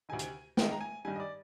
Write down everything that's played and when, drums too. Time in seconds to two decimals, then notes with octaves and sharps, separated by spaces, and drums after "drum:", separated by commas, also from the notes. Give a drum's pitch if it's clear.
0.09 D2 C3 D#3 G#5
0.19 drum: hi-hat
0.57 G#2 D#3 G#3 G5, drum: snare
0.72 A#5
0.81 G#5
1.05 G2 D#3 G3 G#5
1.15 D#5
1.20 D5